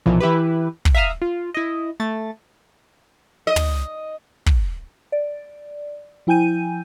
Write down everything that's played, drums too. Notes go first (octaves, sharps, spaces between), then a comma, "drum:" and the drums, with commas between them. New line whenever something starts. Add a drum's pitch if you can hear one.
B1 A#2 E3 F3
E3 E4 G4 B4
drum: kick
E5 F5 A#5 D#6 F6
F4
E4 D#5
A3 A6
D#5
drum: tom
drum: kick
D5
F3 E4 G5 G#5 G6 D#7